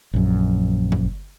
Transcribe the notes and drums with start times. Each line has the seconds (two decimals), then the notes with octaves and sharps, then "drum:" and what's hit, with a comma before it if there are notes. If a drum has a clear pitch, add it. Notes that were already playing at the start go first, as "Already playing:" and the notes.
0.14 A#1 F#2
0.92 drum: kick G1